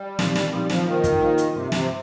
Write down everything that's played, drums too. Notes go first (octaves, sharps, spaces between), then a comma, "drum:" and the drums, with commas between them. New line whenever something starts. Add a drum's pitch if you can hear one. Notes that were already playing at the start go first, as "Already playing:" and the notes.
Already playing: G3
A#2 F3 C4 D#4, drum: snare
drum: snare
A#2 F3 G3 C4 D#4
F3, drum: snare
D#3 G3 A#3 F4 C5 F5
drum: kick, hi-hat
G3 A#3 F4 C5 F5
drum: hi-hat
G2 C3 G3 C4 G4
C3, drum: snare